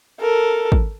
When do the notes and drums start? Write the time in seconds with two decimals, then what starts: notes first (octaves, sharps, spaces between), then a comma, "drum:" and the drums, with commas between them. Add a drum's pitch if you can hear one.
0.20 A4 A#4
0.72 drum: kick G#1